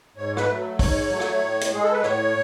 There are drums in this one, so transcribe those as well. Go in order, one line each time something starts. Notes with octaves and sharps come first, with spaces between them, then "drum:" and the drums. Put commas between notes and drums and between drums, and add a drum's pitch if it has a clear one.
G#2 C#5
B4, drum: rim click
F#3 A3
G#2 C#5, drum: kick, open hi-hat
F#3 A3
drum: rim click
A2
drum: hi-hat
G#3 G#4
A4
B4
A2 C#5, drum: rim click